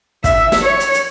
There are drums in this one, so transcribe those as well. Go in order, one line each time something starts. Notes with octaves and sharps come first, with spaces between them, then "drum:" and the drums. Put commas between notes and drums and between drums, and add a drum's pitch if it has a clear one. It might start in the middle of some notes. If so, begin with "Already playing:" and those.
E5, drum: kick, hi-hat
drum: snare
C#5
drum: hi-hat
drum: hi-hat